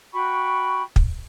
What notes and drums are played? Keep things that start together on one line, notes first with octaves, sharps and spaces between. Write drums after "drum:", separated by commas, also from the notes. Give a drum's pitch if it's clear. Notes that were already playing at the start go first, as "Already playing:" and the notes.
F#4 G5 B5 C#6
drum: kick